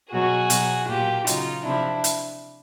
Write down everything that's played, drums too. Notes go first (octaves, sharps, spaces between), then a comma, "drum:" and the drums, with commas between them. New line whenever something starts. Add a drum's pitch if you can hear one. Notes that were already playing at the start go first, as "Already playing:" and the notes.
B2 F#3 F#4 G#4
B2 F#3, drum: hi-hat
A#2 F#3 F4 G4
C#3 F#3 D#4 F4, drum: hi-hat
C3 F3 D4 E4
drum: hi-hat